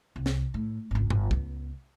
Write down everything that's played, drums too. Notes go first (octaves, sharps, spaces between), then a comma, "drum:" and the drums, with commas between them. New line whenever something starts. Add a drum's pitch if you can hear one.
C2
drum: snare
A2
G#1 C#2
G1, drum: tom A2
C#2 B3, drum: kick